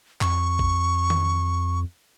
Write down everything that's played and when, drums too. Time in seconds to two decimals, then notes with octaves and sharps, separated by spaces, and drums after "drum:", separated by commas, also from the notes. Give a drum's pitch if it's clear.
0.21 F2 C#6, drum: clap
0.59 drum: kick A1
1.10 drum: tom D#3